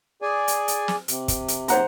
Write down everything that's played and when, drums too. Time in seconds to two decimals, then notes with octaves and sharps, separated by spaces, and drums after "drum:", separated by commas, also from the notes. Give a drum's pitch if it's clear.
0.22 G#4 D5 G#5
0.48 drum: hi-hat
0.68 drum: hi-hat
0.88 drum: snare
1.08 C3, drum: hi-hat
1.28 drum: kick, hi-hat
1.48 drum: hi-hat
1.68 C5 F#5 A#5, drum: hi-hat